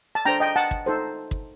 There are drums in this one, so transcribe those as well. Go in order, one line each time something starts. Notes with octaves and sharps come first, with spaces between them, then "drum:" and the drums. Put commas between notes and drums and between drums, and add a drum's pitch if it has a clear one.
A5
D4 A4 C5 G5 A#5
D#5 G5
F#5 A5
drum: kick
D#4 A4 C5
drum: kick